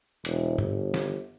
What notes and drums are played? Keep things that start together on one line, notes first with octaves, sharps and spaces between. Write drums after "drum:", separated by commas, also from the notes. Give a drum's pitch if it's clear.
E1, drum: hi-hat
G1, drum: tom G#2
drum: snare